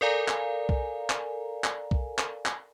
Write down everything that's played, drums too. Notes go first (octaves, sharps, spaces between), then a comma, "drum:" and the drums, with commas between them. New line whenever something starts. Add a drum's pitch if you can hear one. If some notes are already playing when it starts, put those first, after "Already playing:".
A4 A#4 D5 F5 G#5 A#5
drum: clap
drum: kick B1
drum: clap
drum: clap
drum: kick B1
drum: clap
drum: clap